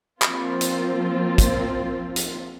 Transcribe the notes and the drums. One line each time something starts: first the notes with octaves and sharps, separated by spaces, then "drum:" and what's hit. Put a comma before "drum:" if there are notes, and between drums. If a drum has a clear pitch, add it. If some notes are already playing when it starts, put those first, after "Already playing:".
F3 A#3 C4 F4, drum: clap
drum: hi-hat
drum: kick, hi-hat
drum: hi-hat